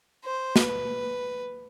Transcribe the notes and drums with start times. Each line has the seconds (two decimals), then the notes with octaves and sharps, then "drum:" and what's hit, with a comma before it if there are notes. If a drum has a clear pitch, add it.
0.24 C5
0.56 B4, drum: snare